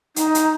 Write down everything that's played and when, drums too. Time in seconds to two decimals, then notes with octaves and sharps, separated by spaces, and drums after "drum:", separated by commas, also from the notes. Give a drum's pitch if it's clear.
0.16 D#4, drum: hi-hat
0.35 drum: hi-hat